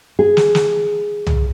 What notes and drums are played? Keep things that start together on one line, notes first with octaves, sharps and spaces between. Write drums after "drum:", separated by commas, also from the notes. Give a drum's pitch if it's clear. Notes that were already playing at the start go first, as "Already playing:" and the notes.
G#4
drum: snare
drum: snare
drum: tom C2